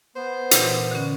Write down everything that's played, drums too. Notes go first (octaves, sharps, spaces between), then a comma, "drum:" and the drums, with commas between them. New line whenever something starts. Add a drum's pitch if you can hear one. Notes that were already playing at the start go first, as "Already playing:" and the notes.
B3 C5
A#2 E3, drum: hi-hat
D3 C#4